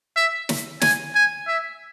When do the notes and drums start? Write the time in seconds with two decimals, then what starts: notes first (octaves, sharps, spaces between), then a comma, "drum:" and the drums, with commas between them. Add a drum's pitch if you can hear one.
0.16 E5
0.49 drum: snare
0.81 G#5, drum: snare
1.15 G#5
1.47 E5